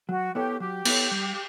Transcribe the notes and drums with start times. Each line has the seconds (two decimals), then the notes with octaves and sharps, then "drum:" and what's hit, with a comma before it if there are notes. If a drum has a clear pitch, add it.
0.09 F#3 F#4
0.35 B3 E4 G4 A4 C#5
0.60 F#3 G4
0.85 B3 E4 A4 C#5, drum: cymbal
1.11 G3